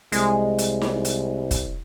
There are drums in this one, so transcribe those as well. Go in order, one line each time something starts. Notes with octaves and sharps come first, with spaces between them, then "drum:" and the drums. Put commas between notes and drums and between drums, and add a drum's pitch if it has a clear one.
C2 G#3, drum: hi-hat
drum: hi-hat
drum: snare D#4
drum: hi-hat
drum: kick, hi-hat